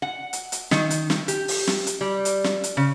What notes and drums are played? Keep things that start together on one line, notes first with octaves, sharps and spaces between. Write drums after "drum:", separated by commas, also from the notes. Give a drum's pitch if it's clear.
F#5
drum: hi-hat
drum: hi-hat
D#3, drum: snare
drum: hi-hat
drum: snare
G4, drum: hi-hat
drum: open hi-hat
drum: snare
drum: hi-hat
G3
drum: hi-hat
drum: snare
drum: hi-hat
C#3